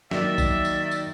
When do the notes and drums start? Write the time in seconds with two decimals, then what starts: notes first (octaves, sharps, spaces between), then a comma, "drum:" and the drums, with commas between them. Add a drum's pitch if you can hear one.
0.11 D#3 F#3 A#3 A#4 D5 E5, drum: snare
0.38 drum: kick, tambourine
0.65 drum: tambourine
0.91 drum: tambourine